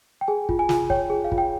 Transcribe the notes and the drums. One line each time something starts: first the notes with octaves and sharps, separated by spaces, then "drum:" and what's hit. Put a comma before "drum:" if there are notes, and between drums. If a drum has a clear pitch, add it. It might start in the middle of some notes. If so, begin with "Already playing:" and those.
G5
G#4 G#5
F4, drum: kick
G#5
F4, drum: snare
C#5 G5, drum: kick
G#4
F5
F4, drum: kick
G5